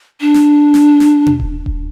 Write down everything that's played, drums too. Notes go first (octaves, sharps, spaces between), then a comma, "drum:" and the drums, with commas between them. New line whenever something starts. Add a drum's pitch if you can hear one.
D4
drum: snare
drum: snare
drum: snare
drum: tom B2
drum: kick D#1
drum: kick D#1